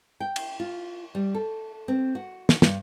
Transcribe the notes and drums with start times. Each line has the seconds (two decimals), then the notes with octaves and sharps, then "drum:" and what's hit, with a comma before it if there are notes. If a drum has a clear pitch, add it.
0.20 G5
0.36 drum: cymbal
0.60 F4
1.15 G3
1.34 A4
1.88 C4
2.15 F#4
2.49 drum: snare
2.62 G2, drum: snare